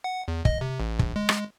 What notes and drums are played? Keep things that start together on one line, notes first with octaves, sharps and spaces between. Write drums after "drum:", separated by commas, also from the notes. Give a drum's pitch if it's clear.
F#5
E2
D#5, drum: kick
C3
A1
A#1, drum: kick
G#3
drum: rim click